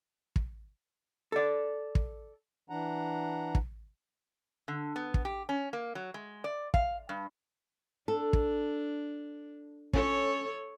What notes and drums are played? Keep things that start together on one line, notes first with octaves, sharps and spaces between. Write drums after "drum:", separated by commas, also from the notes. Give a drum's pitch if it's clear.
drum: kick
A4 D5
drum: kick
E3 D4 F#5 A#5
drum: kick
D3
B3
drum: kick
G4
C#4
A#3
F#3
G#3
D5
F5, drum: kick
G2
D4 A4
drum: kick
C#4 A4 C#5, drum: kick